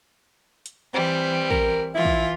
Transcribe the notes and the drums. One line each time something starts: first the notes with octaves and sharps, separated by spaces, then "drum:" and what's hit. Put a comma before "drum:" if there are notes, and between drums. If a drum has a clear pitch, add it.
drum: hi-hat
E3 G3 C4
A#4, drum: kick
E3 E4 F4
drum: kick